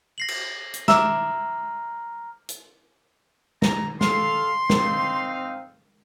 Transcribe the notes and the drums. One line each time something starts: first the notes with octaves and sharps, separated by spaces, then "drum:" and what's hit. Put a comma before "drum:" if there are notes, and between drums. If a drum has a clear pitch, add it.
A#6 C7 F#7
drum: cymbal
drum: hi-hat
E5 A#5 D6 F6, drum: snare
drum: hi-hat
A#5, drum: snare
A4 F5 C6, drum: snare
C4 D#4 F5, drum: snare